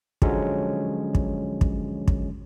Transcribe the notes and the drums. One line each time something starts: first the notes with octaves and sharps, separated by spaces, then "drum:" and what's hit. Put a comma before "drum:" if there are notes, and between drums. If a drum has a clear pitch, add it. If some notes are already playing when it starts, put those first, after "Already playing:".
D3 F3 F#3 G#3 C#4, drum: kick
drum: kick
drum: kick
drum: kick